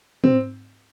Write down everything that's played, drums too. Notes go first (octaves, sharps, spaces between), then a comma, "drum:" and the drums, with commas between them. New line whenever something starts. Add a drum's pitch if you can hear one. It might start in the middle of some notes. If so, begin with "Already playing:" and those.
C4, drum: tom